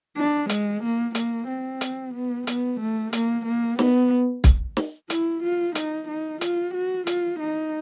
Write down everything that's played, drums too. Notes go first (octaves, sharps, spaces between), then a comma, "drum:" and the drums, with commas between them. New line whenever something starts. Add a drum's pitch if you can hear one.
D4
G#3, drum: hi-hat
A#3
A#3, drum: hi-hat
C4
drum: hi-hat
B3
B3, drum: hi-hat
A3
A#3, drum: hi-hat
A#3
B3, drum: snare
drum: kick, hi-hat
drum: snare
E4, drum: hi-hat
F4
D#4, drum: hi-hat
D#4
F4, drum: hi-hat
F#4
F4, drum: hi-hat
D#4